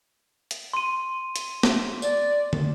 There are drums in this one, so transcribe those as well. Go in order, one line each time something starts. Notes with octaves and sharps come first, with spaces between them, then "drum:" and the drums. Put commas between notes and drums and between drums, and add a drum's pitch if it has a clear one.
drum: hi-hat
C6 D#7
drum: hi-hat
drum: snare
D5, drum: tambourine
drum: tom